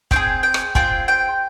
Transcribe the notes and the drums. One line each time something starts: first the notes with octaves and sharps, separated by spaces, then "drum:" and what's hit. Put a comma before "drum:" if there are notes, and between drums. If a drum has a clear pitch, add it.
C4 F4 G#4 G5, drum: kick
G5
drum: rim click
C4 F4 G#4 G5, drum: kick
G5